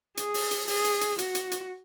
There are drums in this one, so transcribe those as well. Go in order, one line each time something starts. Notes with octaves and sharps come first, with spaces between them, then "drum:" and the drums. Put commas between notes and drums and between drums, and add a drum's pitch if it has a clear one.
G#4, drum: hi-hat
drum: open hi-hat
drum: hi-hat
G#4, drum: open hi-hat
drum: hi-hat
drum: hi-hat
F#4, drum: hi-hat
drum: hi-hat
drum: hi-hat